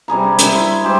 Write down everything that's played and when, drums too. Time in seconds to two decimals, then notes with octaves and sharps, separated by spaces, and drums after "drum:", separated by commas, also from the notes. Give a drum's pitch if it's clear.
0.08 C3 G3 G#4 A#5
0.24 D4
0.39 E5, drum: hi-hat
0.54 E4 C6
0.84 G#3 G4 C5